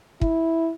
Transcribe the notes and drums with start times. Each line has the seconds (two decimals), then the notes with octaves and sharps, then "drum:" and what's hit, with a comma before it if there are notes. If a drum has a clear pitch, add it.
0.21 E4, drum: kick